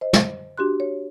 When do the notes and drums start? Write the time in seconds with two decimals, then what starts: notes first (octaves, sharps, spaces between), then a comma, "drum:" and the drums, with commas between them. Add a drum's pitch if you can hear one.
0.01 C5 D#5
0.13 drum: snare
0.58 D4 F#4 G4 C6 F#6
0.80 C#5